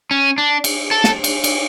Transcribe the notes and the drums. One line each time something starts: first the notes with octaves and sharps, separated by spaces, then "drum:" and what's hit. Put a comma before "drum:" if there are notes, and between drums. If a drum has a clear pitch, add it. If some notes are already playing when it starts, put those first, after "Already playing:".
C#4
D4
drum: cymbal
A4
drum: snare
drum: cymbal
drum: cymbal